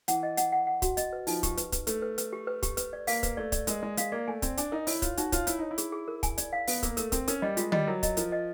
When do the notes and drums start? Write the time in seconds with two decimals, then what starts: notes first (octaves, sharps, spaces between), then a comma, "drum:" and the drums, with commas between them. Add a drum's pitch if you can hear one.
0.08 E3 F#5, drum: hi-hat
0.23 D#5
0.37 F#5, drum: hi-hat
0.52 F#5
0.67 F#5
0.82 F#4, drum: kick, hi-hat
0.97 D#5, drum: hi-hat
1.13 B4
1.27 F3 D#4, drum: open hi-hat
1.43 G4, drum: kick, hi-hat
1.57 B4, drum: hi-hat
1.72 B4, drum: kick, hi-hat
1.87 A3 B4, drum: hi-hat
2.02 B4
2.18 B4, drum: hi-hat
2.33 G4
2.47 B4
2.63 G4, drum: kick, hi-hat
2.77 B4, drum: hi-hat
2.93 D5
3.07 A#3 F5, drum: open hi-hat
3.23 B4, drum: kick, hi-hat
3.37 A3 D5
3.52 D5, drum: kick, hi-hat
3.67 G#3 A#4, drum: hi-hat
3.82 G#3 D5
3.97 G#3 F5, drum: hi-hat
4.12 A#3 D5
4.28 A3 G#5
4.42 C4 D5, drum: kick, hi-hat
4.57 D4 G#5, drum: hi-hat
4.72 D#4 A#4
4.87 E4 C#5, drum: open hi-hat
5.02 F4 C#5, drum: kick, hi-hat
5.17 D#4 F#4, drum: hi-hat
5.32 F4 C#5, drum: kick, hi-hat
5.47 E4 C#5, drum: hi-hat
5.59 D#4 C#5
5.71 E4
5.78 G#4, drum: hi-hat
5.92 G#4
6.08 A#4
6.23 G#5, drum: kick, hi-hat
6.38 D5, drum: hi-hat
6.53 F5
6.67 B3 F5, drum: open hi-hat
6.83 A#3 A#4, drum: kick, hi-hat
6.97 A3 A#4, drum: hi-hat
7.12 C4 A#4, drum: kick, hi-hat
7.28 C#4 A#4, drum: hi-hat
7.42 G3 D#5
7.57 G#3 F4, drum: hi-hat
7.72 G3 D#5, drum: tom
7.87 F#3 A#4
8.03 D#5, drum: kick, hi-hat
8.17 F3 A#4, drum: hi-hat
8.32 D#5